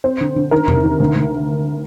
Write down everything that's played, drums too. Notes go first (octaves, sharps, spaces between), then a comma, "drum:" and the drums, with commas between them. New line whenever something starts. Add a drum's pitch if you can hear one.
C4 C5
D3
D3
D#3 A#4
C3, drum: tom E2
D#3
D2
D2